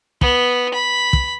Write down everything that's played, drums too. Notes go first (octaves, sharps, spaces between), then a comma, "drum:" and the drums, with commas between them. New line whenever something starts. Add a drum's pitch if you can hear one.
B3, drum: kick
B5
drum: kick